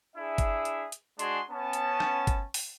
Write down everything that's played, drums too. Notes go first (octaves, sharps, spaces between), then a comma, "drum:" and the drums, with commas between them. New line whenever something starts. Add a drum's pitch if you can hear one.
D4 E4 G#4 E5
drum: kick G1, hi-hat
drum: hi-hat
drum: hi-hat
G#3 D4 F#4 G#4 G#5 C6, drum: hi-hat
B3 C#4 A5
drum: hi-hat
drum: rim click
drum: kick G1, hi-hat
drum: open hi-hat